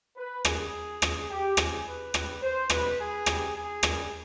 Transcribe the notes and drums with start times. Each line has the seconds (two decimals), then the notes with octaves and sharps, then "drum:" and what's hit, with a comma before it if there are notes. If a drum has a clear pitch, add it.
0.17 B4
0.45 G2 D#3 G3 G#4, drum: rim click
1.02 G2 D3 G#3, drum: rim click
1.29 G4
1.57 C3 F3 G#3 G#4, drum: rim click
1.86 B4
2.14 G#2 G3, drum: rim click
2.42 C5
2.70 B2 G3 B4, drum: rim click
2.99 G#4
3.26 C3 G3, drum: rim click
3.55 G#4
3.83 G2 D#3 G3, drum: rim click